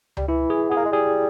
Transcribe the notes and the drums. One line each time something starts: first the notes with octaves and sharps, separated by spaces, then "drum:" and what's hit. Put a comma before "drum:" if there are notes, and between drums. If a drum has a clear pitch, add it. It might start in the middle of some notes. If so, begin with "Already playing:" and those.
G3, drum: tom C#2
E3 E4
G#4
B3 G#4
A#3
G#3
G3 G#4